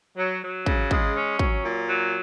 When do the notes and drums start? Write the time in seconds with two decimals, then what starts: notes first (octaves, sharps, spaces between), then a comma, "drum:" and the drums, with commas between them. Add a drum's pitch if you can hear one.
0.17 F#3
0.42 F#3
0.66 C#3, drum: kick
0.91 G#3, drum: kick
1.15 C#4
1.39 F#3, drum: kick
1.64 A#2
1.88 F#3